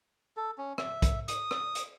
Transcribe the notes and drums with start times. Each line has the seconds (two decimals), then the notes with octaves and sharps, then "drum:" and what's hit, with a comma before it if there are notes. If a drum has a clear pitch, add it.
0.37 A4
0.58 C#4
0.78 E5, drum: rim click
1.02 drum: kick, hi-hat
1.28 D#6, drum: hi-hat
1.51 drum: rim click
1.75 drum: hi-hat